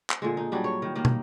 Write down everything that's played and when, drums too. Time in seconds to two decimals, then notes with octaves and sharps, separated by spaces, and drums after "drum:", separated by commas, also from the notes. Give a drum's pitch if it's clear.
0.10 drum: clap
0.22 A#2 D3 G#3
0.37 D#4
0.52 F#3 G3 D4
0.64 C#5
0.82 D#3
0.95 D#3 A#3
1.05 drum: tom